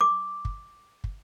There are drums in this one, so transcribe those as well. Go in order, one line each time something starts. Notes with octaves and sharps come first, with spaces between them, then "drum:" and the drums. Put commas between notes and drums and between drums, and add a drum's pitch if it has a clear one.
D6
drum: kick
drum: kick